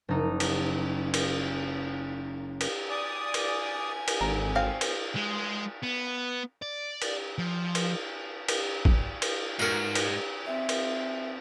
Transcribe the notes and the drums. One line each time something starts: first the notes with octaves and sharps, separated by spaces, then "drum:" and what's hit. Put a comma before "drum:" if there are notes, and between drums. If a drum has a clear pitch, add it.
F#1 D#4
drum: cymbal
drum: cymbal
drum: cymbal
D5 G#5 D#6
drum: cymbal
drum: cymbal
G#1 D3 A#4
C4 F5
drum: cymbal
G#3
B3
D5
drum: cymbal
F3
drum: cymbal
drum: cymbal
drum: kick
drum: cymbal
G#2 F#4 A#4
drum: cymbal
C4 E5
drum: cymbal